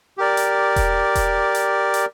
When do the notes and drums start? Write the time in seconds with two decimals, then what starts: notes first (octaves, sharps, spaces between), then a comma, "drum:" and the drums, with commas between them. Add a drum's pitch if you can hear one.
0.18 G4 A#4 D5
0.37 drum: hi-hat
0.76 drum: kick E1, hi-hat
1.15 drum: kick E1, hi-hat
1.55 drum: hi-hat
1.94 drum: hi-hat